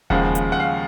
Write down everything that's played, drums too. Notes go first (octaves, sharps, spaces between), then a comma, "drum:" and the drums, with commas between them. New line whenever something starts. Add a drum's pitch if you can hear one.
D#2 C#3 F3 G#3 F#5, drum: kick E1
drum: hi-hat
F#5
F5